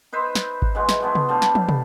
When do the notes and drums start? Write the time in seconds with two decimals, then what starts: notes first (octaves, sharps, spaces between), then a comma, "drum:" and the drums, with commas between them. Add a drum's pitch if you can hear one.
0.13 D#4 B4 C5 E5
0.35 drum: snare
0.62 drum: kick G#1
0.75 G#2 E3 F#3 G#3
0.89 drum: snare
1.02 F3 F#3 B3 E4
1.15 drum: tom C3
1.29 A2 D3 G3 A3
1.42 drum: snare
1.55 drum: tom
1.69 drum: tom